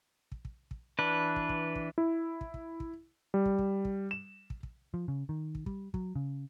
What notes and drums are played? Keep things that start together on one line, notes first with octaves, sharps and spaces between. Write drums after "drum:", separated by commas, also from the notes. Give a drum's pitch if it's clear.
drum: kick
drum: kick
drum: kick
E3 D4 B4
drum: kick
drum: kick
drum: kick
E4
drum: kick
drum: kick
drum: kick
G3
drum: kick
drum: kick
drum: kick
E7
drum: kick
drum: kick
F3
C#3
D#3
drum: kick
G3, drum: kick
F#3, drum: kick
C#3